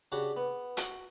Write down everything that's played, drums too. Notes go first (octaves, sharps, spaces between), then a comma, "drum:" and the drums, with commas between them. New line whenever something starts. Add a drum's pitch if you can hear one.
C#3 D4 F#4 G4
B3
F#4, drum: hi-hat